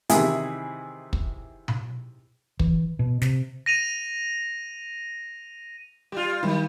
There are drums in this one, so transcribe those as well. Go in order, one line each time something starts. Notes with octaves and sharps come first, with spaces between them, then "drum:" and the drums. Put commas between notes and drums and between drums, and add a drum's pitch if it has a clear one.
C3 D#3 E3 E4 G#4, drum: hi-hat
drum: kick
drum: tom B2
E3, drum: kick
B2
C3, drum: snare
A#6 D#7 F7
G3 F4 G4
D6 C#7
D#3 F#3 G3 E4